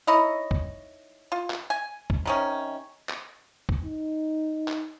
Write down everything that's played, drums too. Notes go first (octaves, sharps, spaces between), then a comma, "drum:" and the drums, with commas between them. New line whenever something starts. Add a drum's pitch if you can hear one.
D#4 E4 C#5 D#5
drum: kick G1
F4
drum: clap
G#5
drum: kick G1
C3 D#3 C#4
drum: clap
drum: kick G1
D#4
drum: clap